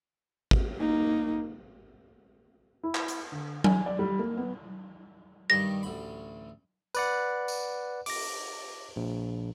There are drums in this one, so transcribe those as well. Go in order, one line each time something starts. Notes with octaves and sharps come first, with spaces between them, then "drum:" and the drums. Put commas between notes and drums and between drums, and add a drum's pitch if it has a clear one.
drum: kick
A#3 D#4
E4
drum: clap
drum: hi-hat
D3
G#5, drum: tom F#3
D5
G3
A#3
B3
G2 D#3 G3 A#6
A1 D2 B5
B4 D5 F#5, drum: tambourine
drum: tambourine
D6 A#6, drum: open hi-hat
A#1